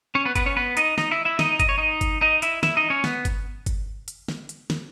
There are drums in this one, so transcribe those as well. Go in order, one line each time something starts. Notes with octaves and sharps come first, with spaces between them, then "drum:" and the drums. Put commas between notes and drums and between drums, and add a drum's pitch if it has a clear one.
C#4 C#5
B3 B4
B3 B4, drum: kick G1, hi-hat
C#4 C#5
B3 B4
D#4 D#5, drum: hi-hat
D#4 D#5, drum: snare
E4 E5
E4 E5
D#4 D#5, drum: snare
D#5, drum: kick G1, hi-hat
C#5
D#4 D#5
drum: kick G1, hi-hat
D#4 D#5
E4 E5, drum: hi-hat
E4 E5, drum: snare
D#4 D#5
C#4 C#5
B3, drum: snare
drum: kick G1, hi-hat
drum: kick G1, hi-hat
drum: hi-hat
drum: snare
drum: hi-hat
drum: snare